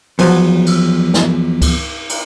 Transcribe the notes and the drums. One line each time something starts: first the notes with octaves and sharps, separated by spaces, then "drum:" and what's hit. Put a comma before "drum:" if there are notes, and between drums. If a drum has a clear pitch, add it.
E2 F3 F#3, drum: cymbal
drum: cymbal
drum: snare
drum: kick C#2, cymbal
drum: cymbal